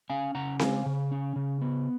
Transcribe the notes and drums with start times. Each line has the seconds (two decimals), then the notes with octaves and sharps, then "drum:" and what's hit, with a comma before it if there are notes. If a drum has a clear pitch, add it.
0.10 C#4 F5 G#5
0.35 C#3 F#5 A#5
0.59 G#3 F5 G#5, drum: snare C4
0.86 C#3
1.11 C#4
1.36 C#3
1.61 B3